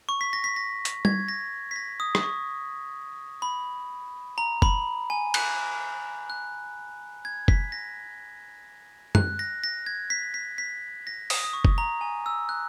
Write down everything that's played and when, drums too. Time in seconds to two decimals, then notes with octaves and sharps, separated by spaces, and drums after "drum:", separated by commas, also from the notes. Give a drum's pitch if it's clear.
0.09 C#6
0.21 B6
0.33 A#6
0.44 B6
0.56 A#6
0.85 drum: hi-hat
1.05 G#6, drum: tom
1.28 A#6
1.71 B6
1.76 A#6
2.00 D#6
2.15 D#6, drum: rim click
2.23 C#6
3.42 B5
4.38 A#5
4.62 B5, drum: kick F#1
5.10 G#5
5.34 F#6, drum: cymbal
6.30 F#6
7.25 G#6
7.48 B6, drum: kick F#1
7.72 A#6
9.15 F#6, drum: tom
9.39 A#6
9.64 A#6
9.86 G#6
10.10 B6
10.34 B6
10.58 B6
11.07 A#6
11.30 D#6, drum: open hi-hat
11.44 D#6
11.53 C#6
11.65 drum: kick F#1
11.78 A#5
12.01 G#5
12.26 E6
12.49 F#6